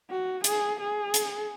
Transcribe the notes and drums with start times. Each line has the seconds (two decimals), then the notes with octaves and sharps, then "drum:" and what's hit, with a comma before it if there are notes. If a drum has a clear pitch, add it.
0.11 F#4
0.44 G#4, drum: hi-hat
0.80 G#4
1.14 drum: hi-hat